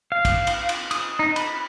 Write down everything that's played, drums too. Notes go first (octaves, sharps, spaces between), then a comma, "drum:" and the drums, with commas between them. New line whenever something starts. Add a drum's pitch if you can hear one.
F5
drum: kick, cymbal
drum: cymbal
drum: cymbal
D#6, drum: cymbal
D#4
B5, drum: cymbal